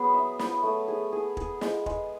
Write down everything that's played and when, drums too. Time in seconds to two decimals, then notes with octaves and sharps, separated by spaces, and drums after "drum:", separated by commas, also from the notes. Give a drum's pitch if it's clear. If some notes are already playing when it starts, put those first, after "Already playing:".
Already playing: F#3 B3 G#4
0.14 E5
0.39 B4, drum: snare
0.63 A3
0.88 G#4
1.13 G#4
1.37 G#4, drum: kick
1.61 G#3, drum: snare
1.86 G#3, drum: kick